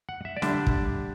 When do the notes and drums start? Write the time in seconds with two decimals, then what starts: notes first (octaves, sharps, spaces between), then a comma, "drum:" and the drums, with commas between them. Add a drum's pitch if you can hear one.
0.09 F#5
0.25 E5
0.36 D5
0.42 D3 G3 D4 E5, drum: snare
0.67 drum: kick